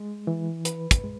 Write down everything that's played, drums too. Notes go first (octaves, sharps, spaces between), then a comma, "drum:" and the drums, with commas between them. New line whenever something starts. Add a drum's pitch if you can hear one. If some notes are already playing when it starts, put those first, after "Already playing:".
Already playing: G#3
E3
B4, drum: hi-hat
drum: kick, hi-hat
G#3